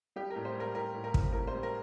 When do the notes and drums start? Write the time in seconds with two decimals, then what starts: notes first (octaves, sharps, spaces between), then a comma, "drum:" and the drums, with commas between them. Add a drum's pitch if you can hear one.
0.16 G3 G4
0.30 A#4
0.36 A2
0.45 C5
0.55 G3 A#4
0.75 A2 A#4
0.94 A2
1.04 A#4
1.14 A2, drum: kick
1.33 A2 A#4
1.47 C5
1.53 G3
1.63 A#4